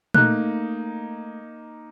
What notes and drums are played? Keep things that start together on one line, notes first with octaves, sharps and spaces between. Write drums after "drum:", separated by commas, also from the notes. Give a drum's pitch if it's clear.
A3 A#3 D#4 F#6, drum: tom A#2